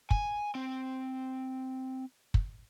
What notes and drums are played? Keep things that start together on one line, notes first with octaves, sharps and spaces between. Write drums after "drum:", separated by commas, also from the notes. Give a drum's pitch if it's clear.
G#5, drum: kick
C4
drum: kick